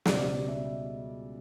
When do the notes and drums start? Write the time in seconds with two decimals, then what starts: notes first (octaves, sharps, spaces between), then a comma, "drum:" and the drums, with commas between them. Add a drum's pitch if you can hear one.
0.06 C#2 B2 G3 D5, drum: snare
0.48 E5